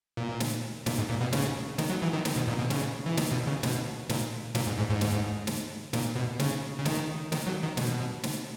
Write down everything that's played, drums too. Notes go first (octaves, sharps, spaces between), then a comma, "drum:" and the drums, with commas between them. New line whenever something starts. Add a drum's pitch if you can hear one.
A#2
drum: snare
A#2, drum: snare
G#2
A#2
B2
C#3, drum: snare
D#3, drum: snare
F#3
E3
D#3
D#3, drum: snare
B2
A#2
B2
C#3, drum: snare
E3
D#3, drum: snare
B2
C#3
B2, drum: snare
A#2, drum: snare
A#2, drum: snare
G#2
G#2
G#2
drum: snare
drum: snare
A#2, drum: snare
B2
C#3, drum: snare
C#3
D#3, drum: snare
D#3, drum: snare
F#3
D#3
B2, drum: snare
drum: snare